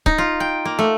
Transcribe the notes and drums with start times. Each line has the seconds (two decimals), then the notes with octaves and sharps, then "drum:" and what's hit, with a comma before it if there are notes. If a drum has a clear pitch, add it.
0.06 D#4, drum: kick C#1
0.18 F4
0.40 G5
0.65 A#3
0.79 A3